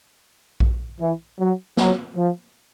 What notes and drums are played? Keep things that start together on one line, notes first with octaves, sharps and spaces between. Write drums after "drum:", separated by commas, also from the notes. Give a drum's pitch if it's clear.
drum: kick A#1
E3
F#3
F#3, drum: snare
F3